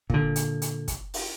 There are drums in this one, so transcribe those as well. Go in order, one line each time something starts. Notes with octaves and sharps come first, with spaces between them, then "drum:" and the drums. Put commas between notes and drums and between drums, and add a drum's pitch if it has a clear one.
A#2 D3, drum: kick
drum: hi-hat
drum: hi-hat
drum: kick, hi-hat
drum: open hi-hat